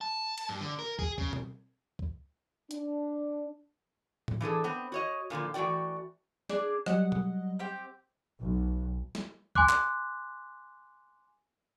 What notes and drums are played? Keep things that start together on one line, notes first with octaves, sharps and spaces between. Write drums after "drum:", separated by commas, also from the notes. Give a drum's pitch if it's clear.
A5
drum: cymbal
G2
D3
A#4
G#4, drum: kick
C#3, drum: kick
drum: tom B2
drum: kick
D4, drum: hi-hat
drum: tom A2
E3 D4 G#4 A4
B3 C4
F#4 C#5 D#5
A#2 D3 D#3 F3
E3 A3 F#4 D5 G5
D4 G#4 D5, drum: snare
F#3 G3 D#5 F#5, drum: rim click
drum: tom B2
C4 G4 G5
B1
drum: snare
G#5 C6 D6 F#6, drum: kick
drum: clap